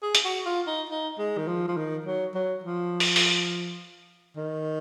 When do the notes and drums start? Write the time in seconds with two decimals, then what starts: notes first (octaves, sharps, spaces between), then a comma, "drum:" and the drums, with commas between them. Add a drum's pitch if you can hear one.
0.02 G#4
0.15 drum: hi-hat
0.25 F#4
0.45 F4
0.67 D#4
0.89 D#4
1.18 G#3
1.38 D#3
1.48 F3
1.68 F3
1.77 D#3
2.06 F#3
2.35 F#3
2.63 F3
3.00 drum: open hi-hat
3.16 drum: open hi-hat
4.37 D#3